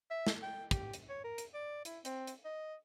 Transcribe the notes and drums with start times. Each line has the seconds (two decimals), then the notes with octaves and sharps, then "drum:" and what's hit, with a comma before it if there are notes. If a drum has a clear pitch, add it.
0.11 E5
0.27 drum: snare
0.43 G5
0.71 G4, drum: kick, hi-hat
0.94 drum: hi-hat
1.09 C#5
1.24 A#4
1.38 drum: hi-hat
1.54 D5
1.85 E4, drum: hi-hat
2.05 C4, drum: hi-hat
2.27 drum: hi-hat
2.45 D#5